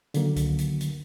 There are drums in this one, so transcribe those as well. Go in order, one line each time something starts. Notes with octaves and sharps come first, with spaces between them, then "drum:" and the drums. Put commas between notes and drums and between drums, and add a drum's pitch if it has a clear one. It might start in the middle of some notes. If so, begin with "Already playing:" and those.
D3 D#3 F#3 A#3, drum: hi-hat
drum: kick C#2, hi-hat
drum: hi-hat
drum: hi-hat